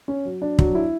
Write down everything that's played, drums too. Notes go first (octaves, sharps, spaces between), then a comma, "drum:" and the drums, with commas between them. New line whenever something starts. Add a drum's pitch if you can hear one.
C#4
F#3
D4
F#3, drum: kick
E4